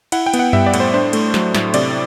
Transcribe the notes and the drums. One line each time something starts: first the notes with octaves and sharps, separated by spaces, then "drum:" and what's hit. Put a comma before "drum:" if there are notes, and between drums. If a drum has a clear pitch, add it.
E4 F#5, drum: cymbal
G5
B3, drum: cymbal
F#5
G3 E5, drum: tom F#2
D5
A2, drum: cymbal
C5
D4 C5
A3, drum: cymbal
F#3, drum: snare
A2, drum: snare
C3 D5, drum: cymbal